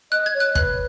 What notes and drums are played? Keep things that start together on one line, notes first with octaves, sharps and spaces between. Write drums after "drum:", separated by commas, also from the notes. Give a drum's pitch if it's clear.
D#5 F#6
G#6
C#5
F#6
B4 F#6, drum: kick